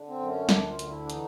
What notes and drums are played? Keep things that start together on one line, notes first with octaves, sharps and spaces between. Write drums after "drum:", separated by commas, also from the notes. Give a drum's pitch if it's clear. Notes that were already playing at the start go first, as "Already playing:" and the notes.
Already playing: D3
C4
F#2
C#4
D2 D4, drum: snare
F4
D3, drum: hi-hat
E4
D4
E3 D#4, drum: hi-hat